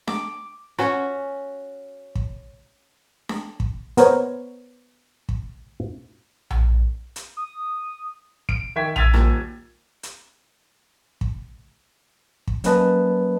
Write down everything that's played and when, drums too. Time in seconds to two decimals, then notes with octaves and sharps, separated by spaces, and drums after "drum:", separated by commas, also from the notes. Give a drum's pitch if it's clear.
0.08 D6, drum: snare D4
0.78 C#4 F#4, drum: rim click
2.15 drum: kick
3.29 drum: snare D4
3.60 drum: kick
3.97 B3 A#4 C5 C#5, drum: hi-hat
5.29 drum: kick
6.50 drum: tom A#1
7.16 drum: hi-hat
7.37 D#6
8.49 D7, drum: kick
8.76 D#3 E5 G5 C#6 G#6 B6
8.96 E6 G#6 A6 B6 D#7 F7, drum: tom A#1
9.14 D#1 D#2, drum: rim click
10.03 drum: hi-hat
11.21 drum: kick
12.47 drum: kick
12.64 F#3 A#3 C#4 B4 D#5 A5, drum: hi-hat